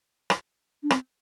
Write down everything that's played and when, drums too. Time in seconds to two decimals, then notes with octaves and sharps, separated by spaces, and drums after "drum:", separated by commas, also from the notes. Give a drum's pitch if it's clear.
0.30 drum: rim click
0.83 D4
0.90 C4, drum: rim click